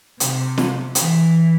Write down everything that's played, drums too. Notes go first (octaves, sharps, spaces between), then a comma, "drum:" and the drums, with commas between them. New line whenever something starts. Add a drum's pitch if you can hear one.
C3, drum: hi-hat
drum: snare
E3, drum: hi-hat